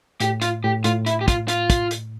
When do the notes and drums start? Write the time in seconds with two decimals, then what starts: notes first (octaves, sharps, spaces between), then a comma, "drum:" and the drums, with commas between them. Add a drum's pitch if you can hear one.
0.20 A2 G4, drum: hi-hat
0.42 F4, drum: hi-hat
0.64 A2 G4
0.84 A2 F4, drum: hi-hat
1.06 E4, drum: hi-hat
1.21 G4
1.28 F4, drum: kick, hi-hat
1.48 F4, drum: hi-hat
1.70 drum: kick, hi-hat
1.91 drum: hi-hat